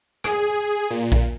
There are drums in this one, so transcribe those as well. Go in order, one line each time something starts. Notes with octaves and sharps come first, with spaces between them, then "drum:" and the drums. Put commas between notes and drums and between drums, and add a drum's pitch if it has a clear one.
G#4, drum: rim click
A#2
drum: kick A#1